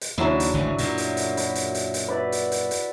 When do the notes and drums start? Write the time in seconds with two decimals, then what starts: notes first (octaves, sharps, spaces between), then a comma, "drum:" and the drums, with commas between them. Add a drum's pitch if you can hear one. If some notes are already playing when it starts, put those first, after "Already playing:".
0.01 drum: hi-hat
0.18 D#2 C#3 F#3 D4 E4
0.40 drum: hi-hat
0.54 G#1 D2 C#3
0.78 F#2 A#2, drum: hi-hat
0.98 drum: hi-hat
1.17 drum: hi-hat
1.37 B5, drum: hi-hat
1.55 drum: hi-hat
1.75 drum: hi-hat
1.94 drum: hi-hat
2.08 B4 D5 E5
2.32 drum: hi-hat
2.52 drum: hi-hat
2.71 drum: hi-hat